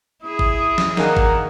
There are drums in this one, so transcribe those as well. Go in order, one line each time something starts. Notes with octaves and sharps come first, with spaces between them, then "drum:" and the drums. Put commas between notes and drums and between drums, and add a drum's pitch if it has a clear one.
E4 G#4 D#6
drum: kick G#1
drum: snare
D#3 A#3 D#4 G#4 D5 F#5, drum: snare
drum: kick G#1